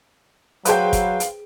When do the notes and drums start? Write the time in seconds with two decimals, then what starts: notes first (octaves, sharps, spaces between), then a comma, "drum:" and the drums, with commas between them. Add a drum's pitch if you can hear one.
0.65 F#3 G#4 B4 C5 F5 G5 D#6, drum: hi-hat
0.93 drum: kick, hi-hat
1.20 drum: hi-hat